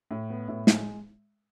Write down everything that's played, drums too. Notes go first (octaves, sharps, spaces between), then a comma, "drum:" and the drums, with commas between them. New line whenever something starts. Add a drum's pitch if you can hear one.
A2
B3
A2
G#3, drum: snare